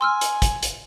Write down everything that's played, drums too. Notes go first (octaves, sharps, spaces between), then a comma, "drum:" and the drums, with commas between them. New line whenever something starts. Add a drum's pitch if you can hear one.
G#5 C6 E6 F6
drum: hi-hat
drum: kick, hi-hat
drum: hi-hat